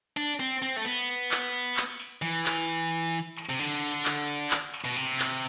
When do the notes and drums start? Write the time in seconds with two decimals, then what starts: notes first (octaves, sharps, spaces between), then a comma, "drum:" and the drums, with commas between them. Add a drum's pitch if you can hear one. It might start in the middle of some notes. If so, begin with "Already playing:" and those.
0.17 D4, drum: hi-hat
0.40 C4, drum: hi-hat
0.62 C4, drum: hi-hat
0.76 A3
0.85 B3, drum: open hi-hat
1.08 drum: hi-hat
1.31 drum: clap
1.54 drum: hi-hat
1.77 drum: clap
2.00 drum: open hi-hat
2.22 E3, drum: hi-hat
2.45 drum: clap
2.68 drum: hi-hat
2.91 drum: hi-hat
3.14 drum: hi-hat
3.37 drum: hi-hat
3.49 C3
3.59 D3, drum: open hi-hat
3.82 drum: hi-hat
4.05 drum: clap
4.28 drum: hi-hat
4.51 drum: clap
4.73 drum: open hi-hat
4.85 B2
4.96 C3, drum: hi-hat
5.19 drum: clap